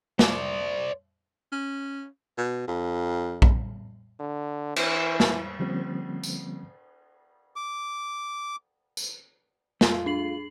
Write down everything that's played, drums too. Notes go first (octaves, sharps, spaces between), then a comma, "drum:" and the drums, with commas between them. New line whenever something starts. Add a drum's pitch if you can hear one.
C5 D5, drum: snare
C#4
B2
F2
drum: kick A#1
D3
E3, drum: cymbal
drum: snare
D3 F3 G3 A#3 C4 C#4
drum: tambourine
D6
drum: tambourine
A3 F4, drum: snare
D4 C7 F#7